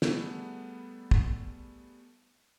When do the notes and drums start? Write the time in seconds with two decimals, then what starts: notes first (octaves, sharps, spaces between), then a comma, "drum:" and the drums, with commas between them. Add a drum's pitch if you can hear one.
0.02 G3 A3 B3 G#4 A4, drum: snare
1.11 drum: kick